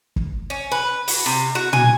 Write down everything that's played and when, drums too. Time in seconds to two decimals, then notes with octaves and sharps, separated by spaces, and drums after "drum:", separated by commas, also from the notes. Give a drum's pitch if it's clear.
0.16 drum: kick
0.50 C#4
0.72 B4
1.08 F#4, drum: open hi-hat
1.26 C3
1.55 F#4
1.73 G#5, drum: tom